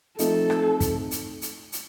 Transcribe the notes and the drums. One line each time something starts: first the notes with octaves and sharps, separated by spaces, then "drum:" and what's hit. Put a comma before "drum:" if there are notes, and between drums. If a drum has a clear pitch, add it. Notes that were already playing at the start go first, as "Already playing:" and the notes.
F3 A3 C4 D#4 A4, drum: hi-hat
drum: rim click
drum: kick, hi-hat
drum: hi-hat
drum: hi-hat
drum: hi-hat